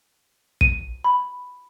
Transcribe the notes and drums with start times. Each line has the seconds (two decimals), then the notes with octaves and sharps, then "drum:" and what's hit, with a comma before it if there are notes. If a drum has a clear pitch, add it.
0.61 D#7, drum: kick
1.04 B5